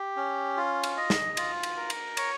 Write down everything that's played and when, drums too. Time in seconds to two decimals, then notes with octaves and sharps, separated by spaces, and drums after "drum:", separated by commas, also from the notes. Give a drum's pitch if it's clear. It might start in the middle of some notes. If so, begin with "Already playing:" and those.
Already playing: G4
0.16 C#4
0.57 F4
0.83 drum: cymbal
0.97 D#5
1.10 drum: snare
1.37 F4, drum: cymbal
1.63 drum: cymbal
1.77 A#4
1.90 drum: cymbal
2.17 C#5, drum: cymbal